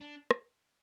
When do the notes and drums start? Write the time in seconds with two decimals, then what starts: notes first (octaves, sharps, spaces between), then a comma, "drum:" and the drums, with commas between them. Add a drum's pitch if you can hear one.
0.01 D4
0.31 drum: rim click